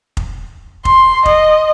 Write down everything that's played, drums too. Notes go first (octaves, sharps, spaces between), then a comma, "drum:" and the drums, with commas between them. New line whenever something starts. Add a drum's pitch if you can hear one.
drum: kick F1
C6, drum: kick F1
D#5, drum: kick F1